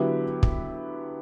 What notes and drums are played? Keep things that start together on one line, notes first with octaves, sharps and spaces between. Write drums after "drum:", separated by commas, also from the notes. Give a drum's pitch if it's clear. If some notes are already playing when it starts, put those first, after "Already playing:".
Already playing: D3 F#3 B3 E4 G4
drum: kick